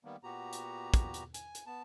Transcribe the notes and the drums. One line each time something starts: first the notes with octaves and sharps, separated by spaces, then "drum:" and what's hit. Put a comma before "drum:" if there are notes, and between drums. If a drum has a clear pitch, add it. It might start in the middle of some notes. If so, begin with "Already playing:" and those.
D#3 G3 A#3 B3
A#2 B3 F#4 G4 A#5
drum: hi-hat
drum: kick, hi-hat
drum: hi-hat
G#5, drum: hi-hat
drum: hi-hat
B3 A5